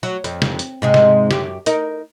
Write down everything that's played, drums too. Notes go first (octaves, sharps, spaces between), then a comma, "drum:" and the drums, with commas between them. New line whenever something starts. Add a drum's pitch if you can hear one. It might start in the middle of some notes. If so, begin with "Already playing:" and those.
F#3
F2, drum: hi-hat
drum: snare
drum: hi-hat
G#2 C3 G#3
drum: snare
F#2 G4, drum: snare
D#4 A#4, drum: hi-hat